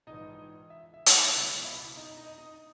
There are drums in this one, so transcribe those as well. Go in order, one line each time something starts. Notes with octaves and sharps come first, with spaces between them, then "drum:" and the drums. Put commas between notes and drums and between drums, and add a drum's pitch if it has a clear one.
A#1 G#2 E3 D#4 D#5
E5
E5
drum: hi-hat
E4 E5
C#2 B2 F#3 E4 E5
E4 E5
D#4 D#5
D#4 D#5
D#4 D#5